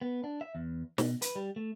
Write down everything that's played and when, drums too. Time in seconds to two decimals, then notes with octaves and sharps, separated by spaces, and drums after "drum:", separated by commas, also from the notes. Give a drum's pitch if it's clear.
0.02 B3
0.24 D4
0.41 E5
0.55 E2
0.98 B2, drum: snare
1.22 B4, drum: hi-hat
1.36 G3
1.56 A3